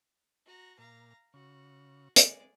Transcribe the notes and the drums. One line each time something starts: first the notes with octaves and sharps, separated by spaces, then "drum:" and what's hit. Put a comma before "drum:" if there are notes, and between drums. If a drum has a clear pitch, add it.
F#4 A#5
A#2 F5 A#5
C#3 F#4
G#3 D5, drum: hi-hat